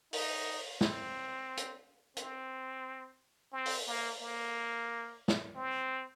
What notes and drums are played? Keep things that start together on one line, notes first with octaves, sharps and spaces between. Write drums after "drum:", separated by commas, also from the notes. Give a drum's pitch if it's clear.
D#4, drum: open hi-hat
C4, drum: snare
drum: hi-hat
C4, drum: hi-hat
C4
drum: open hi-hat
A#3
A#3
drum: snare
C4